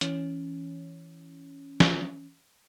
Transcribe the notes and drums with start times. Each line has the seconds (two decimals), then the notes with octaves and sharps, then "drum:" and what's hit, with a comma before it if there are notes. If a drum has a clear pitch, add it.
0.01 E3 C#4, drum: hi-hat
1.80 drum: snare